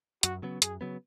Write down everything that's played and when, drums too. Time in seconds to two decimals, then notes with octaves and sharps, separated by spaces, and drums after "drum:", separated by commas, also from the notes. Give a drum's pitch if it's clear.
0.23 F#2 F#4, drum: hi-hat
0.42 C#3 F#3 B3
0.62 F#2 G#4, drum: hi-hat
0.81 C#3 F#3 B3